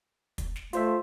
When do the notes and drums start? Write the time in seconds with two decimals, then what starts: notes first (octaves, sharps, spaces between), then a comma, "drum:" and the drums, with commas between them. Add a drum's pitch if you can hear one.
0.38 drum: kick, hi-hat
0.56 drum: snare
0.73 A3 F4 C5 E5, drum: hi-hat